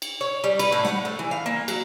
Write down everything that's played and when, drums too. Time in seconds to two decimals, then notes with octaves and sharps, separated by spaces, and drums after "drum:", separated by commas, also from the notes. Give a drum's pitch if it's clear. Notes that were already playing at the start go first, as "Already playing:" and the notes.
0.02 drum: cymbal
0.21 C#5
0.44 G3
0.59 B4, drum: cymbal
0.72 A2
0.85 F#5, drum: snare
1.05 A3
1.19 E3
1.31 F5
1.46 A#3
1.68 F#3, drum: cymbal